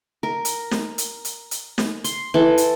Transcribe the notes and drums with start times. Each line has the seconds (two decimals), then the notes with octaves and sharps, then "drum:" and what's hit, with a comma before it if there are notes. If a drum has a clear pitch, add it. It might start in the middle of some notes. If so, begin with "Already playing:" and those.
0.23 A#4
0.45 drum: hi-hat
0.71 drum: snare
0.98 drum: hi-hat
1.25 drum: hi-hat
1.51 drum: hi-hat
1.78 drum: snare
2.04 C6, drum: hi-hat
2.34 E3 A4
2.58 drum: hi-hat